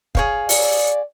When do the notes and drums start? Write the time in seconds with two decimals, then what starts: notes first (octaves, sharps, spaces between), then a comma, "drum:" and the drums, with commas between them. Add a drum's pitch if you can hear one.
0.15 G#4 C#5 F5, drum: kick
0.49 D5, drum: open hi-hat